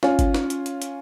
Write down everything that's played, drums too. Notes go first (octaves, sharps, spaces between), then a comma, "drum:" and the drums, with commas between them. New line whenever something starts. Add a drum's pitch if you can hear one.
C#4 F4, drum: snare
drum: kick G1, hi-hat
drum: snare
drum: hi-hat
drum: hi-hat
drum: hi-hat